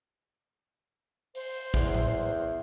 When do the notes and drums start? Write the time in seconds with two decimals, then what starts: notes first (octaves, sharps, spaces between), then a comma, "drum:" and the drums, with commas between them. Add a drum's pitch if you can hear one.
1.35 C5, drum: open hi-hat
1.74 E2, drum: kick
1.94 drum: tom A2